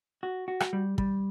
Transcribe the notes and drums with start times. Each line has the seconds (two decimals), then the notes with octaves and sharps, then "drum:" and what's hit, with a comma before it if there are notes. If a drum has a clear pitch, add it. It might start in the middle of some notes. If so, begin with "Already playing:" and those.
0.23 F#4
0.48 F#4
0.60 drum: rim click
0.73 G3
0.98 G3, drum: kick